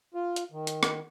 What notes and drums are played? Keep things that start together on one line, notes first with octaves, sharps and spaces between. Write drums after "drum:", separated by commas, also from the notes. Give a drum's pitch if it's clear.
F4
drum: hi-hat
D#3
drum: hi-hat
drum: rim click